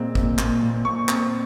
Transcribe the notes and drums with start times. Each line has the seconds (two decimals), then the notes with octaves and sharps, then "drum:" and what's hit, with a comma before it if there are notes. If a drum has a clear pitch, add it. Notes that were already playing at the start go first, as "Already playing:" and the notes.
Already playing: A#2 G#3 C4
0.15 A#2, drum: kick
0.38 A#2, drum: clap
0.63 A#2
0.85 A#2 C#6
1.08 C4, drum: clap